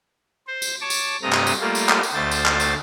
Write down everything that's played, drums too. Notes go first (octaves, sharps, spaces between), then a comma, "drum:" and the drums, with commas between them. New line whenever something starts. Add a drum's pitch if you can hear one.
C5
drum: tambourine
C#5 A5 D6
drum: tambourine
G2 C3 A3 A#5 D#6
drum: clap
drum: tambourine
G3 A3 A#3 F4
drum: tambourine
drum: clap
drum: tambourine
D2 A3 C5 A6
drum: tambourine
drum: clap
drum: tambourine